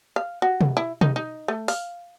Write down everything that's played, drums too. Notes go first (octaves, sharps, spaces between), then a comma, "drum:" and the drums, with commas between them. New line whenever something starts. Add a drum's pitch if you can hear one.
F5
F#4
drum: tom
E4
D#4, drum: tom
D#4
A3
F5, drum: open hi-hat